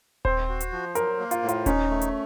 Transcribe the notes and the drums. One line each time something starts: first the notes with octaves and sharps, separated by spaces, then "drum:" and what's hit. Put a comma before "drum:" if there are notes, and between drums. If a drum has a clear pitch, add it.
C4 C5, drum: kick D#1
F#4
drum: hi-hat
F3
F#3 A#4, drum: hi-hat
A#3
F4, drum: hi-hat
A2
F4, drum: hi-hat
C#4 D#4, drum: kick D#1, hi-hat
A3
drum: hi-hat